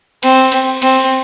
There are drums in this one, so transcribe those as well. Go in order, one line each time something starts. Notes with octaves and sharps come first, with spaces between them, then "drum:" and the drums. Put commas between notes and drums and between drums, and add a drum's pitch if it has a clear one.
C4, drum: cymbal
drum: cymbal
C4, drum: cymbal